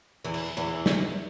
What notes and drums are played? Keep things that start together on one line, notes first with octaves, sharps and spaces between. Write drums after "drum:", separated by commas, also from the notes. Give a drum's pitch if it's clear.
E2 E3
drum: cymbal
E2 E3
drum: snare